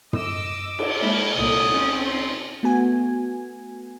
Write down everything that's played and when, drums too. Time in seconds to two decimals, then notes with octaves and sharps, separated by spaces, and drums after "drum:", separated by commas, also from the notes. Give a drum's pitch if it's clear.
0.13 D#5 D6 E6, drum: tom
0.79 drum: cymbal
0.99 G#3 A#3 E4
1.35 C2 A#2 D3 D#6
1.71 C4 C#4
2.06 C6
2.63 A3 B3 F#4 G#5